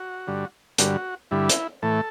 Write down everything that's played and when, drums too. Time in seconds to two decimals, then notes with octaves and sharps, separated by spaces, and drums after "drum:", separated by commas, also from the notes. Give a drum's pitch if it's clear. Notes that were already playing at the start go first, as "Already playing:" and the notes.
Already playing: F#4
0.27 G2 D3 G3
0.78 G2 D3 G3 F#4, drum: hi-hat
1.31 G2 D3 G3 E4
1.49 drum: hi-hat
1.82 A2 E3 A3 A4